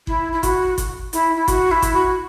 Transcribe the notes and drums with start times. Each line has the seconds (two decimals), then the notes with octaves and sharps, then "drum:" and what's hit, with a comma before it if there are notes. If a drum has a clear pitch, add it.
0.07 E4, drum: kick G1
0.32 E4
0.43 F#4, drum: kick G1, hi-hat
0.78 drum: kick G1, hi-hat
1.13 E4, drum: hi-hat
1.35 E4
1.48 F#4, drum: kick G1, hi-hat
1.71 E4
1.82 drum: kick G1, hi-hat
1.93 F#4